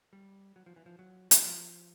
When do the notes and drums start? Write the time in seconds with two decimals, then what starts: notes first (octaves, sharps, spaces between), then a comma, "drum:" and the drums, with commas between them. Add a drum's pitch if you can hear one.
0.13 G3
0.56 F#3
0.66 F3
0.76 E3
0.86 F3
0.99 F#3
1.31 F#3, drum: hi-hat
1.42 F3